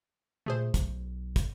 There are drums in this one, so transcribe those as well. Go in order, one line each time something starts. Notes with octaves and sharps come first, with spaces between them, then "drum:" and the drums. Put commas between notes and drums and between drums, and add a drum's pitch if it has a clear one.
A#2 A3 G#4 C5
B1, drum: kick, hi-hat
drum: kick, hi-hat